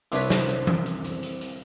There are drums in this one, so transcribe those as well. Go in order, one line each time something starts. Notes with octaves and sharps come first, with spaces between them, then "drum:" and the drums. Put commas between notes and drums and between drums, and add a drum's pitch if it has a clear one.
C2 C3 D4 E4 B4 C#5, drum: hi-hat
drum: snare
drum: hi-hat
drum: tom E3
drum: hi-hat
drum: hi-hat
drum: hi-hat
drum: hi-hat